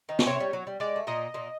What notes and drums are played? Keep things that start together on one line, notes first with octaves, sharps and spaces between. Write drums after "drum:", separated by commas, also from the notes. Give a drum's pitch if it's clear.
D#3 D#4
C#4, drum: snare
C3 C4 C#5
G3
F#3
G3
G#3 D5
A3
A#2 A#3 D#5
A#2 A#3